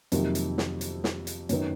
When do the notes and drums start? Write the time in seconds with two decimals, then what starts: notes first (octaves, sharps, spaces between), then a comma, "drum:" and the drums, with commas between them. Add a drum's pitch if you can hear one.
0.12 F2 C3 D#3 F#3 A#3, drum: hi-hat
0.35 drum: hi-hat
0.58 drum: snare
0.81 drum: hi-hat
1.04 drum: snare
1.27 drum: hi-hat
1.49 F#2 D#3 F#3 B3, drum: hi-hat